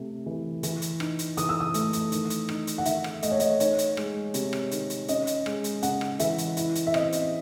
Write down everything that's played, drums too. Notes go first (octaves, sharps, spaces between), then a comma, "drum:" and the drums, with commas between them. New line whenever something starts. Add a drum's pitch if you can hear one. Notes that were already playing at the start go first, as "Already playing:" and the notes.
Already playing: C3 A3
E3
E3, drum: hi-hat
drum: hi-hat
D#4, drum: rim click
drum: hi-hat
E3 D#6, drum: hi-hat
E6
D#6
A3, drum: hi-hat
drum: hi-hat
D#3, drum: hi-hat
drum: hi-hat
D#4, drum: rim click
drum: hi-hat
F#5
D#3 E5, drum: hi-hat
drum: rim click
A3 D#5, drum: hi-hat
C#5
D#5, drum: hi-hat
D#4 C#5, drum: hi-hat
drum: hi-hat
G#3, drum: rim click
C3, drum: hi-hat
drum: rim click
D#3, drum: hi-hat
drum: hi-hat
C#4 D#5, drum: hi-hat
drum: hi-hat
G#3, drum: rim click
drum: hi-hat
C#3 F#5, drum: hi-hat
drum: rim click
E3 E5, drum: hi-hat
drum: hi-hat
E4, drum: hi-hat
drum: hi-hat
E5
C4 D#5, drum: rim click
drum: hi-hat